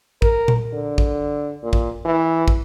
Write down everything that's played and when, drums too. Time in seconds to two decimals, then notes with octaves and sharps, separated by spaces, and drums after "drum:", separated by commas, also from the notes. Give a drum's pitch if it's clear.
0.22 A#4, drum: kick
0.48 drum: tom A#2
0.73 D3
0.98 drum: kick
1.63 A#2
1.73 drum: kick
2.05 E3
2.48 drum: kick